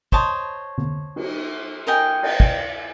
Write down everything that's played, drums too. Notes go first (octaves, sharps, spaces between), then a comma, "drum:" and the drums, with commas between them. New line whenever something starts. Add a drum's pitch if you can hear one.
C5 C#5 D#5 A5, drum: kick
drum: tom
drum: cymbal
A#4 D#5 G5 G#5
drum: cymbal
drum: kick